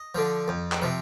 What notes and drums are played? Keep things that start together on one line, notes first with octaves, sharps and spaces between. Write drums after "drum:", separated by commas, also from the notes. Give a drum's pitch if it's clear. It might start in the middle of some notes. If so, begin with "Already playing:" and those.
Already playing: D#5
D3 F3
F2
drum: clap
C3 F3